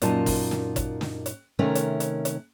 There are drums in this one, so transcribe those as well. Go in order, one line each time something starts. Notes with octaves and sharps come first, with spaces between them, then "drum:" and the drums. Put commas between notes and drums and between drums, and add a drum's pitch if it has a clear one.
F#2 A#2 D#4 F4 A#4 A5, drum: hi-hat
drum: kick, open hi-hat
drum: snare
drum: kick, hi-hat
drum: snare
drum: hi-hat
C3 D#3 A3 C#4 A#4
drum: hi-hat
drum: hi-hat
drum: hi-hat